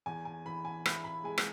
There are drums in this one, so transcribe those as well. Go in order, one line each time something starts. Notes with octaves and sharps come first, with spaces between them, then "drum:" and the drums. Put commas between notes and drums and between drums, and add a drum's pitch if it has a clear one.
E2 G#5
G#5
E3 B5
G#5
E4 B5, drum: rim click
B5
G#3 G#5
drum: rim click